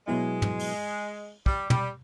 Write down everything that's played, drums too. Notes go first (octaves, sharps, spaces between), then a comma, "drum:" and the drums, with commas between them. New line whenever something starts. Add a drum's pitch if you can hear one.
B2 F#3 G#3 B3 E4
drum: tom
drum: open hi-hat
G3, drum: kick
G3, drum: tom